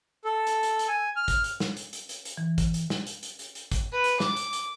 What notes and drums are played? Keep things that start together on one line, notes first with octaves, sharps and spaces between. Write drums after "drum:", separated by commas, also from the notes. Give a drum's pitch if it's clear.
A4
drum: hi-hat
drum: hi-hat
drum: hi-hat
G#5
F6
drum: kick, hi-hat
drum: hi-hat
drum: snare
drum: hi-hat
drum: hi-hat
drum: hi-hat
drum: hi-hat
E3
drum: kick, hi-hat
drum: hi-hat
drum: snare
drum: hi-hat
drum: hi-hat
drum: hi-hat
drum: hi-hat
drum: kick, hi-hat
B4
drum: hi-hat
D6, drum: snare
drum: hi-hat
drum: hi-hat